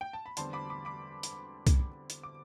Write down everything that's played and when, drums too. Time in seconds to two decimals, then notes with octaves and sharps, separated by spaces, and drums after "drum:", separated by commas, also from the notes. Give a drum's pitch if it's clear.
0.01 G5
0.13 A5
0.26 B5
0.37 E2 D3 G3 C4 A5 C6, drum: hi-hat
0.53 B5 D6
0.70 B5 D6
0.85 B5 D6
1.23 drum: hi-hat
1.67 drum: kick C2, hi-hat
2.10 drum: hi-hat
2.23 D6